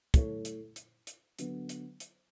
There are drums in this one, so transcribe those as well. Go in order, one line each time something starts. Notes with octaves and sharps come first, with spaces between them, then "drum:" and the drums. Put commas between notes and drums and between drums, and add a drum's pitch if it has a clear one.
A3 E4 A4 C#5, drum: kick, hi-hat
drum: hi-hat
drum: hi-hat
drum: hi-hat
D3 F#3 B3, drum: hi-hat
drum: hi-hat
drum: hi-hat